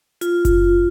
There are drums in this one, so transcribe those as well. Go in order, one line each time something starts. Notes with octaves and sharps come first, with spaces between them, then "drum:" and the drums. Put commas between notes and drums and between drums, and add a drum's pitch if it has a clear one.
F4, drum: hi-hat
drum: kick F#1, hi-hat